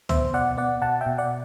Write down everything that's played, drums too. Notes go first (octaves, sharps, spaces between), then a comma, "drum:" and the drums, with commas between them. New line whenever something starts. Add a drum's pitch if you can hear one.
B3 C5 E5, drum: tom
B2 D5 F#5
B3 D5 F#5
B2 F#5 A5
E5 G5
B2
D5 F#5